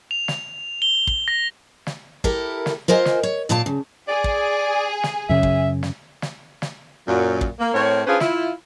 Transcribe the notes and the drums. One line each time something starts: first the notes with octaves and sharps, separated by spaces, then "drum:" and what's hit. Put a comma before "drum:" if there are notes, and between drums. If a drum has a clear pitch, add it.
F7
drum: snare
G7
drum: kick
A#6
drum: snare
E4 G4 A4 A#4, drum: kick
drum: snare
F4 A#4 C5 D#5 G#5
drum: snare
C#5
D#2 A#2 F4 D5 A5
C#3
G#4 D5
drum: kick
drum: snare
F#2 C#3 E5
drum: kick
drum: snare
drum: snare
drum: snare
F#2 A#2 F#3
drum: kick
A#3
A2 C4 A#4 C#5
C#4 D4 F4 G#4 B4 C5
E4 F4, drum: snare